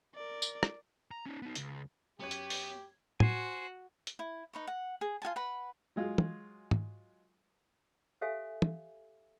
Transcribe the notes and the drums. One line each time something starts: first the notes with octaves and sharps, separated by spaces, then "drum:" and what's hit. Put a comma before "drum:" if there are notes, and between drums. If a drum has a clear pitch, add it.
A#4 D5
drum: tambourine
drum: rim click
A#5
C#4 D#4
B3 D#4
C#2, drum: hi-hat
F#2 B3 G4 C#5 G#6
drum: hi-hat
drum: open hi-hat
F#4 C5 G#5, drum: tom
drum: hi-hat
E4
D#4 B4 C#5
F#5
G#4
F4 F#4 G#5 A5
B4 F#5 B5
F#3 G#3 F4 G#4
drum: tom
drum: tom
G4 A4 C#5 E5 F5 G#5
drum: tom